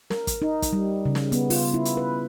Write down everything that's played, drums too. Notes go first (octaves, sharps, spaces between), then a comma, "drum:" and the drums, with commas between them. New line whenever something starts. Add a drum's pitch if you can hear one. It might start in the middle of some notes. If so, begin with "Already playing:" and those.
A#4, drum: snare
drum: kick, hi-hat
D#4
drum: kick, hi-hat
G3
C#3
drum: snare
B3, drum: hi-hat
F4, drum: open hi-hat
E4
drum: hi-hat
B4